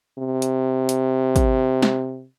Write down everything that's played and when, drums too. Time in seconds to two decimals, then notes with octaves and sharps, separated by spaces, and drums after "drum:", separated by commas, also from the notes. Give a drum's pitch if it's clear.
0.19 C3
0.42 drum: hi-hat
0.89 drum: hi-hat
1.36 drum: kick, hi-hat
1.82 drum: snare